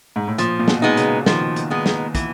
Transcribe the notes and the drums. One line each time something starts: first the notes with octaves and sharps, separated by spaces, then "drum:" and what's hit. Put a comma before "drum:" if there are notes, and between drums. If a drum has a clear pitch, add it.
G#2
A2
A#2 F3, drum: hi-hat
A#2
B2, drum: snare
G#3 B3 D#4
C#3, drum: hi-hat
D#3 F3, drum: snare
drum: hi-hat
G#3 B3 D#4
drum: snare
E3, drum: kick, hi-hat